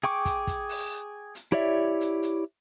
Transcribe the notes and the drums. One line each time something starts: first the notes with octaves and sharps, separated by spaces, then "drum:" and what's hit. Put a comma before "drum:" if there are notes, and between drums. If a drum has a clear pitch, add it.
G#4 G5 C#6 D6
drum: kick, hi-hat
drum: kick, hi-hat
drum: open hi-hat
drum: hi-hat
E4 G4 C#5 D5 E5
drum: hi-hat
drum: hi-hat